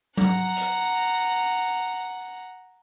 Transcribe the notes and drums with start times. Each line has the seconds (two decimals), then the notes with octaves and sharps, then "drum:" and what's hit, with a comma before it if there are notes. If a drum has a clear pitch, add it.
0.17 F#5 A#5, drum: tom F#3
0.56 drum: hi-hat